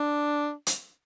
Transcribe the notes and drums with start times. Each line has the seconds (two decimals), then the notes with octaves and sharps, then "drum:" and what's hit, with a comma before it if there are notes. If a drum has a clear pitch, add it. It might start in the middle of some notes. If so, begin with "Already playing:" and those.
Already playing: D4
0.67 drum: hi-hat